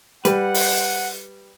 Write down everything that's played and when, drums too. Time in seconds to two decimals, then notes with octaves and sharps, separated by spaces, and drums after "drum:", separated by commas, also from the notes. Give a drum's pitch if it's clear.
0.25 G3 B4 F#5, drum: hi-hat
0.54 drum: open hi-hat